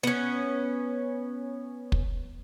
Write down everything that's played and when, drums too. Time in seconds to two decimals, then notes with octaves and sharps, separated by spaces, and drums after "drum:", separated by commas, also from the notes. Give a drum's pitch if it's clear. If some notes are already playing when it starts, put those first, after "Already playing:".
0.03 B3 C#4
1.92 drum: kick